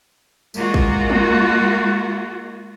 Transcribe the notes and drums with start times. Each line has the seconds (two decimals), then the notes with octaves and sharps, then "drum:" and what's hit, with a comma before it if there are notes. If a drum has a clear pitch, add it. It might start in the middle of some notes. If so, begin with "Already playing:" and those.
0.54 G#3 A#3 F4 F#4, drum: tambourine
0.74 drum: kick
1.10 drum: tom